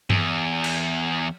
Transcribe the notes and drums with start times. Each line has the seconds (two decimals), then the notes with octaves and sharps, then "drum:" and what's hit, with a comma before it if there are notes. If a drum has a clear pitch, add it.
0.10 E2, drum: tom G2
0.64 drum: cymbal